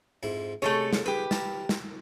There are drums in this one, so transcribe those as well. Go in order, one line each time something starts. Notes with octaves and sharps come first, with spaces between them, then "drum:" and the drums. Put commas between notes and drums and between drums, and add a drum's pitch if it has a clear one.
F2 G#2 E4
C2 G#3 A3 C#4 A4 C#5
drum: snare
G4 G#4 B4
A#4 A5, drum: snare
drum: snare